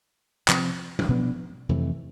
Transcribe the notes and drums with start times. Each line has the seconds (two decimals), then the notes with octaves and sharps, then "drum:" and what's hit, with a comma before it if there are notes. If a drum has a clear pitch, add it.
0.48 C3 F3 C4, drum: clap
0.99 drum: tom F3
1.08 B2 B3 D4
1.69 F2 C3 E3 A3